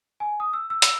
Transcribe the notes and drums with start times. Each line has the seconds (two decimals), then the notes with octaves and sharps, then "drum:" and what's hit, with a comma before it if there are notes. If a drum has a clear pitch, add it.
0.20 G#5
0.40 D#6
0.53 E6
0.70 E6
0.82 E6, drum: hi-hat